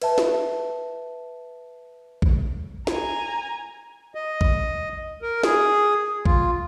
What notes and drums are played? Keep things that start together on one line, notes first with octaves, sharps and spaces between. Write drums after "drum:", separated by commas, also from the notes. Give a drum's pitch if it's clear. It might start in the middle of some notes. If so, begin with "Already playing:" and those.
B4 E5 A5, drum: cymbal
drum: snare
drum: kick A#1
G#5 A#5, drum: snare
D#5
drum: kick A#1
A#4
G#4, drum: snare
F4, drum: kick A#1